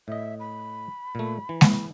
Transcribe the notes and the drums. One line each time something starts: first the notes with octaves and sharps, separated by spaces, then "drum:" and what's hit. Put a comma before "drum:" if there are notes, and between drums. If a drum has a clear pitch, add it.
A2 D#5 E5
B5
A#2 A3
E3
drum: snare G#3